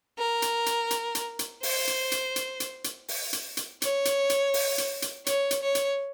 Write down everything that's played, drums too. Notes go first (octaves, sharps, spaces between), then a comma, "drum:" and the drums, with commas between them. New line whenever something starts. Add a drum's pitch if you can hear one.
A#4
drum: hi-hat
drum: hi-hat
drum: hi-hat
drum: hi-hat
drum: hi-hat
C5, drum: open hi-hat
drum: hi-hat
drum: hi-hat
drum: hi-hat
drum: hi-hat
drum: hi-hat
drum: open hi-hat
drum: hi-hat
drum: hi-hat
C#5, drum: hi-hat
drum: hi-hat
drum: hi-hat
drum: open hi-hat
drum: hi-hat
drum: hi-hat
C#5, drum: hi-hat
drum: hi-hat
C#5
drum: hi-hat